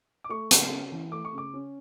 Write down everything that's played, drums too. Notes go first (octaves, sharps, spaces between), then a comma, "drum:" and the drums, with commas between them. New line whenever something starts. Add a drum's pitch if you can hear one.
D6
A3 C#6
C#3, drum: hi-hat
C#4
E3
A3 D6
C#6
C#3
D6
C#4